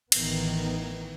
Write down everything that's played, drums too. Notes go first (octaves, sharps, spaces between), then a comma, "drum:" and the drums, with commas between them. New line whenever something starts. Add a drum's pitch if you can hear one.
A1 D#3 E3 B3, drum: cymbal